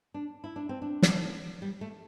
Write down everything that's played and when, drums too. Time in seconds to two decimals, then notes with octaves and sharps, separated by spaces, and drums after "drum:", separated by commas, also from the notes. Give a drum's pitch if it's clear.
0.14 D4
0.44 E4
0.56 D4
0.69 C4
0.82 D4
1.02 drum: snare
1.62 G3
1.81 A3